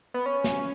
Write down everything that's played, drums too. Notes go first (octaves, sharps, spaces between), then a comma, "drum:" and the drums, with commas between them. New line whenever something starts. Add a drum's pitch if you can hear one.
B3
C#4
drum: snare